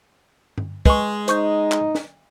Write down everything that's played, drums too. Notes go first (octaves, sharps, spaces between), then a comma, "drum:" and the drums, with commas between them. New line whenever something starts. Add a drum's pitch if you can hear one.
drum: tom G2
G#3 B4 C#6, drum: kick
D#4 C5 C#6 G6, drum: hi-hat
drum: clap
drum: snare